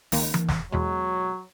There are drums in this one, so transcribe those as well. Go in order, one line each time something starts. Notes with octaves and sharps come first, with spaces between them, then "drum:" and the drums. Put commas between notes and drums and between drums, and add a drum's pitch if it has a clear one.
C#2 D#3 A#3, drum: open hi-hat
drum: tom E3
drum: snare
E2 B2 F#3 G#3